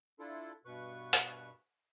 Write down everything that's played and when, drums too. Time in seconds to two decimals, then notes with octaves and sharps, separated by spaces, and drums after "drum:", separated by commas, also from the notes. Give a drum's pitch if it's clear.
0.19 D4 E4 F4 A4
0.65 G2 B2 B4 C#6
1.13 drum: hi-hat